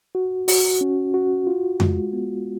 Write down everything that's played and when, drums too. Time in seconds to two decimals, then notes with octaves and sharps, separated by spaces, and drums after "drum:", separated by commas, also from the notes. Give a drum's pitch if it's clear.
0.15 F#4
0.48 F#4, drum: open hi-hat
0.81 C#4
1.14 F#4
1.47 F4
1.80 G#3, drum: tom F2
2.13 B3